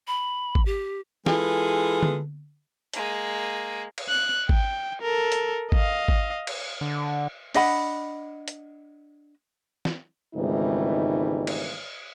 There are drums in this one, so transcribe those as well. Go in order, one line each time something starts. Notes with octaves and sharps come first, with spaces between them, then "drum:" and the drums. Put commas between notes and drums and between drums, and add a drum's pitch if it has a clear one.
B5
drum: kick G#1
G4
E3 G#3 F4 G#4 A4 B4, drum: snare
drum: tom D3
G#3 A#3, drum: hi-hat
drum: cymbal
F#6
G5, drum: kick G#1
A4 A#4
drum: hi-hat
D#5 F5, drum: kick G#1
drum: kick G#1
drum: cymbal
D3
D4 D#5 F#5 B5, drum: open hi-hat
drum: hi-hat
drum: snare
G#1 C#2 E3 G3 A3 D#4
drum: cymbal